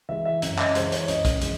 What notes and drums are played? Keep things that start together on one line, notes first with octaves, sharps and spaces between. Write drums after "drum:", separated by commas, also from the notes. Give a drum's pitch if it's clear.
E3 G#3 E5
E5
F#2 E5, drum: hi-hat
D#5, drum: clap
E3 G#3 C5, drum: hi-hat
C#5, drum: hi-hat
F#2 D#5, drum: hi-hat
drum: kick A#1, hi-hat
E3 G#3, drum: hi-hat